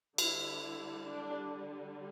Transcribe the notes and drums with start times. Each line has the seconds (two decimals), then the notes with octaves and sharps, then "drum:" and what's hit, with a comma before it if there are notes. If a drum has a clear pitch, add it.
0.18 D3 G3 D4 E4, drum: cymbal
0.61 E4
1.04 D4